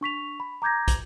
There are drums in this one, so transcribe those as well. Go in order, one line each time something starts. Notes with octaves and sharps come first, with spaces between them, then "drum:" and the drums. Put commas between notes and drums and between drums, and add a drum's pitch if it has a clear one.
D4 C#6 B6 F7
B5
A#5 D6 G6 G#6 A#6
drum: kick, hi-hat